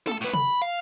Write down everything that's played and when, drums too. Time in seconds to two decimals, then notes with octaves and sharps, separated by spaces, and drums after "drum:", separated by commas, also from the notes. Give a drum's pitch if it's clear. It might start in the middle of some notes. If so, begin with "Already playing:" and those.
0.07 A4 A5, drum: tom
0.21 A2 B4
0.34 B5, drum: tom
0.62 F5